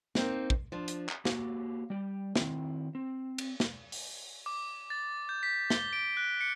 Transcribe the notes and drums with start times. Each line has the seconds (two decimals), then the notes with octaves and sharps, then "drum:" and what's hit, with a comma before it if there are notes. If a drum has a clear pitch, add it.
0.15 A#3 C4 D#4, drum: snare
0.50 drum: kick
0.72 F3 D4
0.88 drum: hi-hat
1.09 drum: clap
1.25 A#3 F#4 G4 F5, drum: snare
1.90 G3 G4
2.35 D#3 C4 E4, drum: snare
2.95 C4
3.38 drum: cymbal
3.60 drum: snare
3.92 drum: open hi-hat
4.46 D6
4.90 A6
5.29 G6
5.43 B6
5.70 G7, drum: snare
5.93 D7
6.17 F#6
6.41 C#7